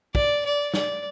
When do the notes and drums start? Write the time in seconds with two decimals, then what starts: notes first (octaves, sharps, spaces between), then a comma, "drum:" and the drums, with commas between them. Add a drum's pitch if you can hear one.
0.15 D5, drum: kick
0.45 D5
0.74 D5, drum: snare